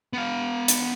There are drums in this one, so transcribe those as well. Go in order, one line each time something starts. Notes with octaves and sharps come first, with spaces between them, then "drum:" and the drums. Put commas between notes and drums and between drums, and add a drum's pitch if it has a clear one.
B3 F5
drum: hi-hat